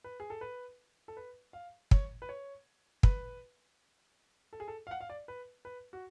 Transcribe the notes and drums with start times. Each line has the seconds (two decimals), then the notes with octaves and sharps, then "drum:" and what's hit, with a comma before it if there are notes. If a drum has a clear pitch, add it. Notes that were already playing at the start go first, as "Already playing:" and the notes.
0.04 B4
0.20 G#4
0.30 A4
0.41 B4
1.08 A4
1.17 B4
1.53 F5
1.91 C#5, drum: kick
2.22 B4
2.29 C#5
3.03 B4, drum: kick
4.53 A4
4.60 G#4
4.68 A4
4.87 F5
4.91 F#5
5.01 F5
5.10 D5
5.28 B4
5.65 B4
5.93 F#4